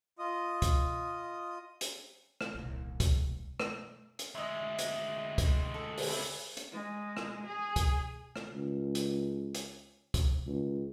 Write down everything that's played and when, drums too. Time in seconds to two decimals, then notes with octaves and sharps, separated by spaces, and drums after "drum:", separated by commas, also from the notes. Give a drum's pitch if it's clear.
0.19 F4 D#5 D#6
0.62 drum: kick, hi-hat
1.81 drum: hi-hat
2.41 drum: rim click
2.55 D#1 C2
3.00 drum: kick, hi-hat
3.60 drum: rim click
4.19 drum: hi-hat
4.35 D2 G#3 D#5 E5
4.79 drum: hi-hat
5.38 drum: kick, hi-hat
5.74 A4
5.98 drum: open hi-hat
6.08 C#2 C4 E4
6.57 drum: hi-hat
6.73 G#3
7.17 drum: rim click
7.46 G#4
7.76 drum: kick, hi-hat
8.36 drum: rim click
8.53 C#2
8.95 drum: hi-hat
9.55 drum: hi-hat
10.14 drum: kick, hi-hat
10.47 C#2